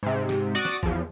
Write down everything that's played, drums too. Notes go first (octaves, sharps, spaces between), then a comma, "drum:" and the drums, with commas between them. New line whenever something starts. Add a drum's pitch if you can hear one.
G#2 C3
drum: snare
F#4 D5 D6 D#6
drum: snare
E2 F3, drum: kick